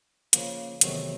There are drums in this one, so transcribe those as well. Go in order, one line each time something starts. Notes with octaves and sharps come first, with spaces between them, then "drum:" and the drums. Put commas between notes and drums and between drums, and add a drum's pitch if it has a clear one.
C#3 F3 A#3, drum: hi-hat
E2 C3 D#3 F#3 A3, drum: hi-hat